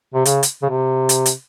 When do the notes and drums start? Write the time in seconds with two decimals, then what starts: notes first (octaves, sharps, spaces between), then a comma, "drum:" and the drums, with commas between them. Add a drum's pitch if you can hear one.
0.14 C3
0.25 C#3, drum: hi-hat
0.43 drum: hi-hat
0.62 C#3
0.70 C3
1.09 drum: hi-hat
1.26 drum: hi-hat